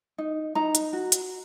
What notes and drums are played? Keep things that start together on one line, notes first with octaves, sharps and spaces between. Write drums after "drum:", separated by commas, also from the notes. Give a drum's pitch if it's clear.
D#4
D#4 A#5
drum: hi-hat
F#4
drum: hi-hat